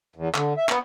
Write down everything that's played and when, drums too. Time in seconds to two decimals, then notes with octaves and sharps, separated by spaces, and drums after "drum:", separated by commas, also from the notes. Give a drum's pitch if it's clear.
0.16 E2
0.35 D3, drum: clap
0.57 E5
0.69 B3, drum: clap